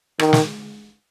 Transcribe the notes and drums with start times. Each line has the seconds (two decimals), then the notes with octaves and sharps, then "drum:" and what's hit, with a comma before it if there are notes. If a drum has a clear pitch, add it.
0.19 D#3, drum: rim click
0.33 drum: snare